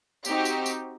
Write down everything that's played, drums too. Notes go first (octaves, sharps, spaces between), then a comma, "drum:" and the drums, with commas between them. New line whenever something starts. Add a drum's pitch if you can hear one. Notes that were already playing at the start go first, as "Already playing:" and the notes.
C4 D#4 F#4 G4, drum: tambourine
drum: tambourine
drum: tambourine